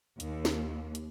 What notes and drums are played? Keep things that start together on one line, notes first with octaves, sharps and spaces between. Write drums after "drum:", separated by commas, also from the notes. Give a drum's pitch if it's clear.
D#2, drum: hi-hat
drum: snare
drum: hi-hat